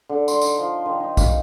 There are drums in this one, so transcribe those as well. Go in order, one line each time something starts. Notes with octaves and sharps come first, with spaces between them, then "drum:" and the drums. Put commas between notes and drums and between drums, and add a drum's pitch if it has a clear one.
D3
C6, drum: tambourine
D#4, drum: tambourine
F3
D#3
D#4
A#3, drum: kick B1, tambourine